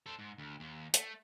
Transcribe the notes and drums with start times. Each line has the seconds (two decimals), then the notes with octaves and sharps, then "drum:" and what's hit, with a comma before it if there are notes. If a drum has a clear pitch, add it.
0.06 A4 C5
0.19 G#2
0.38 D2
0.60 D#2
0.94 A3, drum: hi-hat